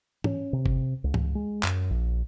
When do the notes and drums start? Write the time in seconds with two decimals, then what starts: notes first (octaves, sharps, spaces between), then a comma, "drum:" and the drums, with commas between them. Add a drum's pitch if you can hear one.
0.24 C#4, drum: tom
0.53 C3
0.66 drum: kick G1
1.04 C#2
1.14 drum: tom
1.35 G#3
1.63 F#2, drum: clap
1.90 A#1